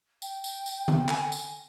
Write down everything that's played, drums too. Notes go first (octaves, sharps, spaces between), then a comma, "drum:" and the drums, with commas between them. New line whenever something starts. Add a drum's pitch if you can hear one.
G5, drum: tambourine
drum: tambourine
drum: tambourine
drum: tom D3
A4 G#5, drum: clap
drum: tambourine